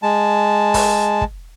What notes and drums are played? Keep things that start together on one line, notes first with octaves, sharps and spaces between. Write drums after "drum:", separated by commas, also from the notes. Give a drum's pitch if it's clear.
G#3 A5
drum: kick, open hi-hat
drum: kick